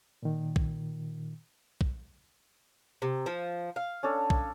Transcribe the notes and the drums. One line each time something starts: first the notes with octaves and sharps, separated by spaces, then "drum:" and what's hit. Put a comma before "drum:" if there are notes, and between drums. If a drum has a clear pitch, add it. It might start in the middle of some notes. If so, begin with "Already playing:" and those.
A#2 D#3
drum: kick
drum: kick
C3
F3
F5
C#4 D4 A4
drum: kick